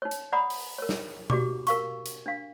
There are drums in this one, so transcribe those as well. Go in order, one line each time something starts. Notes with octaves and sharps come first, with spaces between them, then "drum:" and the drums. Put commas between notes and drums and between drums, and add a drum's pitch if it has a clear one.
D#4 C#5
drum: hi-hat
D5 F#5 A#5 B5 D#6
drum: open hi-hat
A#4 C#5
drum: snare
F#4 G4 D5 D6, drum: tom B2
A#4 F5 C#6, drum: hi-hat
drum: hi-hat
D4 F5